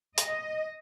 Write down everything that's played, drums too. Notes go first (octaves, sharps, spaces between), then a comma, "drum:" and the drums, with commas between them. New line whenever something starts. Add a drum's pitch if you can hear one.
D#5, drum: hi-hat